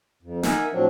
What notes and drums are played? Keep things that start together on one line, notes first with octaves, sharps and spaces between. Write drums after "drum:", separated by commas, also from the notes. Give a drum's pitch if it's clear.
F2
D#4 A#4 E5 F#5 G#5 A#5, drum: snare
A2 F3 F#3 C4 D4